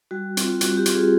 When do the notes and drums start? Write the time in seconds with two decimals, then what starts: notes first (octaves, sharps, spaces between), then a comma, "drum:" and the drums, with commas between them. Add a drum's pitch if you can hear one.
0.11 G3 F#4
0.37 C4 F4, drum: hi-hat
0.61 G3 F#4, drum: hi-hat
0.77 G4
0.86 C4 F4, drum: hi-hat
0.95 G#4